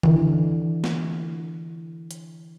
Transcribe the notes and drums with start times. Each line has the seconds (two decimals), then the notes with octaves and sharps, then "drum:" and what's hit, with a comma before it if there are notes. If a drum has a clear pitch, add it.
0.03 D3 E3, drum: tom D#3
0.84 drum: snare
2.11 drum: hi-hat